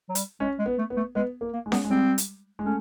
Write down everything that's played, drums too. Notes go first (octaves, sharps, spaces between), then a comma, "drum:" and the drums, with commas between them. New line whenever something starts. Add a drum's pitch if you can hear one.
F#3
G3, drum: hi-hat
G#3 C#4
G#3
B3
A3
B3
A3
G#3 B3
A#3
A#3
G#3
B3, drum: snare C#4
G#3
G3 C4
drum: hi-hat
G#3
A3 C#4